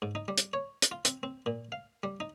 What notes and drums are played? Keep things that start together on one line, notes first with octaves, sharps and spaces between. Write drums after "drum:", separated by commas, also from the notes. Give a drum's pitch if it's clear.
G#2
D#4
G3
drum: hi-hat
C#5
drum: hi-hat
F4
C4, drum: hi-hat
C4
A#2
F5
G3
D#4